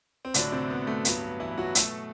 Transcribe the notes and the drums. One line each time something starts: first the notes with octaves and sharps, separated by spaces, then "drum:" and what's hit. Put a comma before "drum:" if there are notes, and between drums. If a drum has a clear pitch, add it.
C4
A2 D3 F#3 D4, drum: hi-hat
C3 C4
B3
A3
G2 F#3 B3, drum: hi-hat
B3
E3 E4
F#3 F#4
B2 F#3 A3 A4, drum: hi-hat